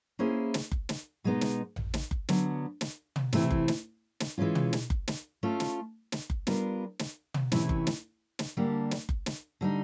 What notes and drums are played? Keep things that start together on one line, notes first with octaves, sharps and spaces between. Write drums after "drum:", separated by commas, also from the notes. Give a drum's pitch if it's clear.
A#3 C#4 E4 G#4 C5
drum: snare
drum: kick F#1
drum: snare
B2 G#3 B3 D#4
drum: snare
drum: tom A1
drum: snare
drum: kick F#1
D3 F#3 B3, drum: snare
drum: snare
drum: tom
C3 E3 A3 C4 E4, drum: snare
drum: kick F#1
drum: snare
drum: snare
E3 G#3 C#4 F4
drum: tom
drum: snare
drum: kick F#1
drum: snare
A3 C#4 F4 A4
drum: snare
drum: snare
drum: kick F#1
G3 B3 D4 F4 A#4, drum: snare
drum: snare
drum: tom
C3 E3 A3 C#4 E4, drum: snare
drum: kick F#1
drum: snare
drum: snare
D3 G3 A#3 D4 G4
drum: snare
drum: kick F#1
drum: snare
D3 G3 B3 D#4